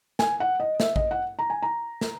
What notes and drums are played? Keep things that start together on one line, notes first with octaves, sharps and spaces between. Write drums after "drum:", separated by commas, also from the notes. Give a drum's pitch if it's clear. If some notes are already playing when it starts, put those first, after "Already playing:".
G#5, drum: snare
F#5
D#5
E5, drum: snare
D#5, drum: kick
F#5
A#5
G#5
A#5
drum: snare